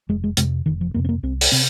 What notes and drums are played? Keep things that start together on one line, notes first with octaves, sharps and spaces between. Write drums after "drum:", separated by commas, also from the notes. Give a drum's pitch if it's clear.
F1 G#3
G#3
F2 C3 G#3, drum: hi-hat
F1 D#3
F3
F2 C3 A#3
C4
A#3
C2 C4
drum: open hi-hat
C3 C4